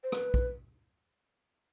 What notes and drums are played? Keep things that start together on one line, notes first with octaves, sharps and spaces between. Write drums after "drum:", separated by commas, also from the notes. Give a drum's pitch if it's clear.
C5
B4, drum: rim click
drum: kick A#1